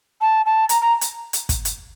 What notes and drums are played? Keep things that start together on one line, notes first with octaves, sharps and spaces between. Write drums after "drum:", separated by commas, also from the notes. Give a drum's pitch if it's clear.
A5
A5
A#5, drum: hi-hat
A#5
drum: hi-hat
drum: hi-hat
drum: kick, hi-hat
drum: hi-hat